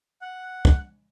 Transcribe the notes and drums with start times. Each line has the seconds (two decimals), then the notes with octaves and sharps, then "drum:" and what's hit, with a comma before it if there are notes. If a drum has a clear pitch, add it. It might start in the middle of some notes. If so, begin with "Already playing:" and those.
0.21 F#5
0.65 drum: kick